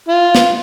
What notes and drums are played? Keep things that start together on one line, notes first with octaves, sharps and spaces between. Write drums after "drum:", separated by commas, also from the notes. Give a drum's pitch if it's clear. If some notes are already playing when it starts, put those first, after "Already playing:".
F4
drum: snare